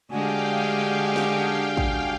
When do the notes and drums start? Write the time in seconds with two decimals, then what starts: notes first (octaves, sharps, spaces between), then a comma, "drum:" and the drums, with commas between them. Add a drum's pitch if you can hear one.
0.11 D3 G#3 D4 F#4 G4 F5 G5 G#5
1.16 drum: snare
1.77 drum: kick